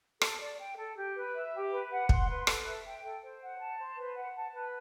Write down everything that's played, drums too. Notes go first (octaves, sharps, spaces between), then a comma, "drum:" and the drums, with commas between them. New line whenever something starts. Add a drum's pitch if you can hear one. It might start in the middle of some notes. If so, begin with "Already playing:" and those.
A4, drum: rim click
D5
G5
A4
G4
B4
E5
G4
B4
F#5
C6, drum: kick
B4
A4, drum: rim click
E5
G5
A4
C5
F#5
A5
C5
B4
F#5
A5
B4